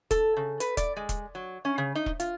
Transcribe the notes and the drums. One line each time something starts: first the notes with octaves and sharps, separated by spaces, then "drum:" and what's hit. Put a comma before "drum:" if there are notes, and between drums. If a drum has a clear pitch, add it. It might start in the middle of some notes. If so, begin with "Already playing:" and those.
A4, drum: kick E1, hi-hat
C#3
B4, drum: hi-hat
D5, drum: kick E1, hi-hat
G#3
drum: kick E1, hi-hat
F#3
C#4
C#3
D#4
drum: kick E1
F4, drum: hi-hat